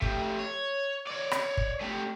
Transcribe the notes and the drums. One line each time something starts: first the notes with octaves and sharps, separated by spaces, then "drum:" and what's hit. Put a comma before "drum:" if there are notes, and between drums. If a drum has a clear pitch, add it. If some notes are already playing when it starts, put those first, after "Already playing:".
A3 G4, drum: kick
C#5
C#5 D5
drum: rim click
drum: kick
A3 G4